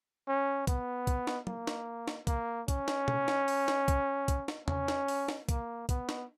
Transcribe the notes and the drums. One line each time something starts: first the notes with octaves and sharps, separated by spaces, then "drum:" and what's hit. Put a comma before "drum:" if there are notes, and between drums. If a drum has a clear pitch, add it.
C#4
B3, drum: kick, hi-hat
drum: kick, hi-hat
drum: snare
A#3, drum: tom
drum: snare
drum: snare
A#3, drum: kick, hi-hat
C#4, drum: kick, hi-hat
drum: snare
drum: tom
drum: snare
drum: open hi-hat
drum: snare
drum: kick, hi-hat
drum: kick, hi-hat
drum: snare
C#4, drum: tom
drum: snare
drum: open hi-hat
drum: snare
A#3, drum: kick, hi-hat
B3, drum: kick, hi-hat
drum: snare